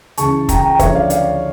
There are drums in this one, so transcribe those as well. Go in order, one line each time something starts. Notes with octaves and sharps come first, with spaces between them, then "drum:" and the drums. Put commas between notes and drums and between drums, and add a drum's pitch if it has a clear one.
C#2 C#3 E3 A5 C#6, drum: hi-hat
G5 A#5, drum: kick, hi-hat
G5 A#5
G5 A#5
D2 C#3 F3 C#5 E5, drum: kick, hi-hat
D5 F5
D5 F5, drum: hi-hat